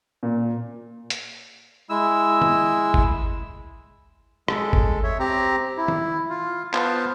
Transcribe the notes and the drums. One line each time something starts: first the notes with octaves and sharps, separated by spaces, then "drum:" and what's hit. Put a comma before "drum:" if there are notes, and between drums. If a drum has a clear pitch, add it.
A#2
drum: hi-hat
G#3 E4 E6
drum: tom
drum: kick G#1
G#3 A4, drum: rim click
drum: kick G#1
C#5 E5
C4 G4 A#5
E4
drum: tom
F4
B3 F4 C5 F5 A5, drum: clap